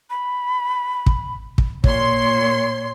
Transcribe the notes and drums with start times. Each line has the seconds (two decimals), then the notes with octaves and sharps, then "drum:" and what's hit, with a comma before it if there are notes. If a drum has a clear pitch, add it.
0.10 B5
1.06 drum: kick
1.58 drum: kick
1.84 A#2 C#5 C6, drum: kick